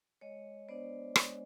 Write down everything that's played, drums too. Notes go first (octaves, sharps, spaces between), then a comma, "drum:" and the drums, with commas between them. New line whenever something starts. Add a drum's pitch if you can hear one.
G#3 C#5 D#5
B3 D4 C5 D5
G#3, drum: rim click